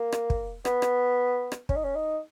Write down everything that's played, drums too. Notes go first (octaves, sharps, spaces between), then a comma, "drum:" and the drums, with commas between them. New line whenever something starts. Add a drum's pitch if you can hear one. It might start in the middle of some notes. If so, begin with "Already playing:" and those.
Already playing: A#3
drum: rim click
drum: kick
B3, drum: rim click
drum: rim click
drum: rim click
C#4, drum: kick
D#4
C#4
D#4